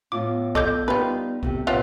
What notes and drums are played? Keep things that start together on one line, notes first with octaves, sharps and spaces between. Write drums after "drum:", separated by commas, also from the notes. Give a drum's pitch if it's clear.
A2 B3 F4 D6
A4 D#5 D6 G6, drum: kick A#1
G3 D#4 F4 G4 B4
C3 A3 G4, drum: kick A#1
A2 C3 B3 F4 G4